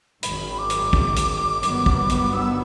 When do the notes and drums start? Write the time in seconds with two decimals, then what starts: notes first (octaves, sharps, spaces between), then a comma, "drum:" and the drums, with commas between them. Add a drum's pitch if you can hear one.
0.23 G#1 F#2 D#3 B5, drum: hi-hat
0.58 D6
0.70 drum: hi-hat
0.93 drum: kick
1.16 drum: hi-hat
1.63 G1 G2 D#3 F#3 B3, drum: hi-hat
1.86 drum: kick
2.10 drum: hi-hat
2.33 E6